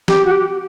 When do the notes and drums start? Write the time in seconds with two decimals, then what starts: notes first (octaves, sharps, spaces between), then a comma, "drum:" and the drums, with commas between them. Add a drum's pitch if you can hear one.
0.08 G4, drum: snare
0.25 F#4
0.31 G4